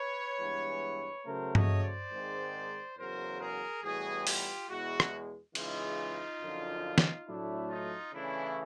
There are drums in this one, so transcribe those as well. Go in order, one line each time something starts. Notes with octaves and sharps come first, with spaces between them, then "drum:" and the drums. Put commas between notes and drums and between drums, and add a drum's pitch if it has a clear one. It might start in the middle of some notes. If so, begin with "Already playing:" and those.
Already playing: B4 C#5
G2 E3 G#3 B3
C#3 F#3 A3 A#4 C5
C#5 D#5, drum: tom G2
C5 D5
G#2 D#3 G#3 C4
E2 C#3 F#3 A#4 C5
G#4 A#4
A2 E3 G3 B3 F#4 G#4
F4 G4, drum: open hi-hat
E2 B2 G#3 E4 F#4
drum: rim click
C#3 E3 G#3 D#4 F4, drum: cymbal
F#2 D3 F3
drum: snare
A2 F#3 A3 D4 E4
D#4 F4
C#3 E3 A3 C#4 D4 E4